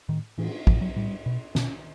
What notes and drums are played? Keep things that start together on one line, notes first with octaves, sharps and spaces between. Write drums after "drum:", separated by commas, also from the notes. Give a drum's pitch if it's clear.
A2 D#3
A2 E3, drum: cymbal
A2 F3, drum: kick
F#3
A2 G3
B2
B2 C#4, drum: snare